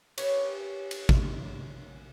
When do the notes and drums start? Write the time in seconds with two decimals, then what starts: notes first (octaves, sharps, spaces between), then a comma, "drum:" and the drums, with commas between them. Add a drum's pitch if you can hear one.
0.18 C#4 G4 B4 C#5, drum: cymbal
0.91 drum: cymbal
1.09 drum: kick